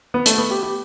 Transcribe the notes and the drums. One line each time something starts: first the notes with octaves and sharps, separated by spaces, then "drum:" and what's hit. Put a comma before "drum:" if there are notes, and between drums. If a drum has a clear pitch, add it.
B3
A3, drum: hi-hat
B3
G4
G4